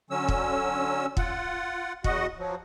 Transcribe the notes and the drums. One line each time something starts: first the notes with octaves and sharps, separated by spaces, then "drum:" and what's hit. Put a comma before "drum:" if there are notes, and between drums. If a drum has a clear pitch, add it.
D3 F#3 C#4 E6
drum: kick
F4 F#5, drum: kick
E2 F#4 D#5 F#5, drum: kick
F3 F#3